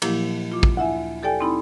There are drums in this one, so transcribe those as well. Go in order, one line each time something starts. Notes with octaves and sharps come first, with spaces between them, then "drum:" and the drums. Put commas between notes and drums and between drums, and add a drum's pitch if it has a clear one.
A#2 F3 F#3 A#3 E4 G4, drum: cymbal
F4 D6
drum: kick
D2 E4 E5 G#5
G4 A4 D5 G5 G#5
C4 D#4 E4 B5